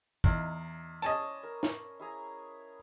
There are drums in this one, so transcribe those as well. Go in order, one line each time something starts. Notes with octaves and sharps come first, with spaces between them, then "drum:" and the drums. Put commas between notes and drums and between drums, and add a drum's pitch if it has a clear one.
E2 D#4 D5 F5, drum: kick
E4
C#4 C5 D5 D#5 G#5 A5, drum: hi-hat
A#4
drum: snare
E4 G#4 A#5